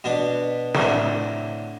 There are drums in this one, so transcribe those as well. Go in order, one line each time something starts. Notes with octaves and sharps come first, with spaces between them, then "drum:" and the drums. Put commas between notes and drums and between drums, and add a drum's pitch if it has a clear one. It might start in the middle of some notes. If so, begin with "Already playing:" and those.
B2 B3 D4
A2 D3 C4 E4, drum: snare